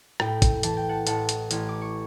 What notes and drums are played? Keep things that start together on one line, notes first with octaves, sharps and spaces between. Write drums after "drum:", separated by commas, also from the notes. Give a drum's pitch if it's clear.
A2 G5 B5, drum: rim click
drum: kick G#1, hi-hat
E3 A5, drum: hi-hat
G5
F#5 A5
A1 F#5 A5, drum: hi-hat
drum: hi-hat
A1, drum: hi-hat
D6
C#6